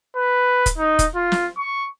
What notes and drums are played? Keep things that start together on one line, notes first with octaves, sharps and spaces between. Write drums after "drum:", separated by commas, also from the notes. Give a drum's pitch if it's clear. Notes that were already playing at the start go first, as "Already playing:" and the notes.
B4
drum: kick, hi-hat
D#4
drum: kick, hi-hat
F4
drum: snare
C#6